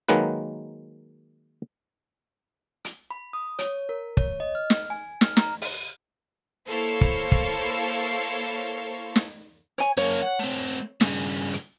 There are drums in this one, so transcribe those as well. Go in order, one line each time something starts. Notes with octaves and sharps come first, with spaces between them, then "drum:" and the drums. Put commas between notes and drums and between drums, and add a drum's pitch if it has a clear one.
D#3 F#3 G#3 A#3 B4
drum: hi-hat
B5
D#6
C#5, drum: hi-hat
A#4
C#5, drum: kick
D#5
F6
drum: snare
G#5
F6, drum: snare
A#5, drum: snare
drum: open hi-hat
A#3 E4 A4 C5 C#5 F5
drum: kick
drum: kick
drum: snare
C#5 G#5, drum: hi-hat
F#2 A#3 C#5
F#5
A3 C4
G2 C#3, drum: snare
drum: hi-hat